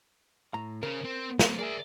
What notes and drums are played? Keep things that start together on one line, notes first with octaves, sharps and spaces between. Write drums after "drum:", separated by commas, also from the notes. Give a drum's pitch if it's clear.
A2 A#5
C#3 A#4 C5
C4
B1 C3 F#3 A4 C5, drum: snare
G#4 A#4 D5 E5 G#5